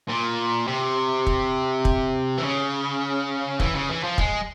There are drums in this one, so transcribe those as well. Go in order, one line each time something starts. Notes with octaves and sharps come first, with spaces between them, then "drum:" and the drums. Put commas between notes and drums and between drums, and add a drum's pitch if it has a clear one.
A#2
C3
drum: kick
drum: kick
E3
C#3
E3, drum: kick
C#3
E3
F3
G#3, drum: kick